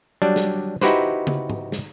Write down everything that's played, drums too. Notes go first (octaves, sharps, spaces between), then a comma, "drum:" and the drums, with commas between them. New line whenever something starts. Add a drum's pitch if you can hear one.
F#3 G3 D4
drum: snare
D#4 E4 F#4 G4 B4 C5, drum: snare
drum: tom
drum: tom
drum: snare